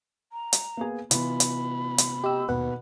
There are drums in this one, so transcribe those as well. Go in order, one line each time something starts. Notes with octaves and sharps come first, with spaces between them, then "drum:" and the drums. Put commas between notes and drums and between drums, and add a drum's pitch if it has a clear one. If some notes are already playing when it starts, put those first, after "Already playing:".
A#5
drum: hi-hat
A#3 B3 G#4
C3 E3 B3 F4 B5, drum: hi-hat
drum: hi-hat
drum: hi-hat
G4 D#5 E6
D#2 B2 B4 F#5